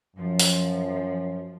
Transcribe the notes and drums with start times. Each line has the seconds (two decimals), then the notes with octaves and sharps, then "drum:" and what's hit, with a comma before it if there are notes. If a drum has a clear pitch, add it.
0.16 F#2 F3
0.39 drum: open hi-hat